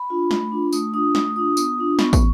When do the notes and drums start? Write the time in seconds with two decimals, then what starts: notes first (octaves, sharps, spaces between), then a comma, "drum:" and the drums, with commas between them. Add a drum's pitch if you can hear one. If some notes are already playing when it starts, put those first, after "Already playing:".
Already playing: B5
0.10 D4 F4
0.31 A3, drum: snare
0.52 D4 F4
0.73 A3 D#6, drum: tambourine
0.93 D4 F4 D#6
1.15 A3 D#6, drum: snare
1.36 D4 F4 D#6
1.57 B3, drum: tambourine
1.78 D4 F4
1.99 B3 C#6, drum: snare
2.13 drum: kick, tambourine